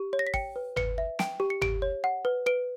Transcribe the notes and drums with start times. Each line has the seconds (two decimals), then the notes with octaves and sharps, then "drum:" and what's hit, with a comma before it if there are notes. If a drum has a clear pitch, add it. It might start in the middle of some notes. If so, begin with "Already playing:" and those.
Already playing: G4
0.13 C#5
0.19 A#6
0.27 B6
0.34 G5 C#7, drum: kick
0.56 B4
0.76 B4 C#7, drum: tom
0.98 E5
1.19 G5 D7, drum: snare
1.40 G4
1.50 C#7
1.61 G4 D7, drum: tom
1.82 C#5
2.04 F#5
2.25 B4
2.46 B4 D7